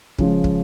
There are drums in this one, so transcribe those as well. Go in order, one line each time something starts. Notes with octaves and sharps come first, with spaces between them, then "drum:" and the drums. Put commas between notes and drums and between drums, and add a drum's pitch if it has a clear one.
C#3 F3 G#3, drum: kick
drum: kick